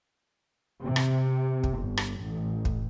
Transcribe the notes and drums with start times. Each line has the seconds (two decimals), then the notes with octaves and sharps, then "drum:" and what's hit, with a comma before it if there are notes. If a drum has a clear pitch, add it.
0.82 C3
0.96 drum: rim click
1.64 drum: kick
1.81 G1
1.97 drum: rim click
2.21 A1
2.65 drum: kick